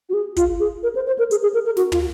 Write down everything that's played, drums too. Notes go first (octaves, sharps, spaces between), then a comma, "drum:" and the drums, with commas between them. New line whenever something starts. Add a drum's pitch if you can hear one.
F#4
G#4
F4, drum: kick, hi-hat
G#4
A#4
C5
C5
A#4
G#4, drum: hi-hat
G#4
A#4
A#4
F#4, drum: snare
F4, drum: tom